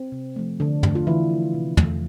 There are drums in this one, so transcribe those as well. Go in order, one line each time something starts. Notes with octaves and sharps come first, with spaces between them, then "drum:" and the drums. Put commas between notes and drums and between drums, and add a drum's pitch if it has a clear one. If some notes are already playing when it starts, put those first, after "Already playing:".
Already playing: C4
C3
F3 A3
D3 D4
F3 A3, drum: tom
F4
D3 E3 E4
F3 A3
C3
E3 A3, drum: tom